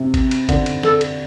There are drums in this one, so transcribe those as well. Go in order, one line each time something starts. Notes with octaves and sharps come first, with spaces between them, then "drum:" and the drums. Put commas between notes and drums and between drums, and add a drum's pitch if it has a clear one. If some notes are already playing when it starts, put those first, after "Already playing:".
Already playing: C3
drum: kick G#1, cymbal
drum: cymbal
D3, drum: kick G#1, cymbal
drum: cymbal
A4, drum: snare
drum: cymbal